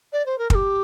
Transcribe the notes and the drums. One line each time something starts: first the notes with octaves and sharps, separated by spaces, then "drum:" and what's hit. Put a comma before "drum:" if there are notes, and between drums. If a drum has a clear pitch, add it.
D5
C5
A#4
A#4, drum: kick
G4